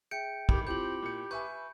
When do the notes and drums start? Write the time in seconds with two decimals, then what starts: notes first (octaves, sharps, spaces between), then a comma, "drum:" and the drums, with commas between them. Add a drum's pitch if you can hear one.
0.11 G#4 E5 G5 G6 C#7 D7
0.49 D#3 E3 A3 G4 B5, drum: kick
0.67 C4 E4 F4 G4 G6 F#7
1.03 A#2 C#7
1.31 B4 E5 G#5 C#6 G6